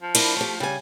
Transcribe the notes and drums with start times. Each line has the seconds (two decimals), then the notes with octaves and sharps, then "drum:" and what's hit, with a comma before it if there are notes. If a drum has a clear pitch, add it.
0.03 F3
0.15 D4 E4 A#4, drum: cymbal
0.36 A3 G4
0.60 C#3 G3 G#5